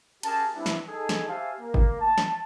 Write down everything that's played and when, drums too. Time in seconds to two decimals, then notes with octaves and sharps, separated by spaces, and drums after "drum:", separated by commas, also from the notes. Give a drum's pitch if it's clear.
0.23 C#4 G4 G#4 A#4 A5, drum: cymbal
0.54 G3 B3 C4 D4 E4
0.66 drum: snare
0.88 D#4 G#4 A4
1.09 drum: snare
1.28 G4 C5 E5 F5 G#5 A5
1.61 A#3
1.74 drum: kick G1
2.00 A5
2.18 drum: snare